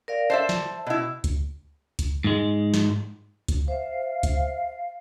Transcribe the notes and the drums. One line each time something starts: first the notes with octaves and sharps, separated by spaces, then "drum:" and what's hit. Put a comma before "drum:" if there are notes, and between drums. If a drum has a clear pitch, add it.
A#4 D5 F5
C5 D5 E5 A5
drum: snare
B2 E4
drum: kick C#2, hi-hat
drum: kick C#2, hi-hat
G#2 G#3
drum: snare
drum: kick C#2, hi-hat
C5 E5 F5
drum: kick C#2, hi-hat